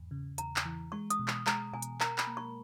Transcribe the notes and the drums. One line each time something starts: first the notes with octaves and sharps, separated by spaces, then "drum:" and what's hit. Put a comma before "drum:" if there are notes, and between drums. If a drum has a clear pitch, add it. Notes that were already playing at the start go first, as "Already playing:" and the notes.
Already playing: E2 G#2
C#3
E2 A#5, drum: hi-hat
drum: clap
E3
G#3 C#6
D#6, drum: hi-hat
B2
C#6, drum: clap
G#3 A#5, drum: clap
B2 G#5
drum: hi-hat
A#4 A#5, drum: clap
B5, drum: clap
A#3
C#6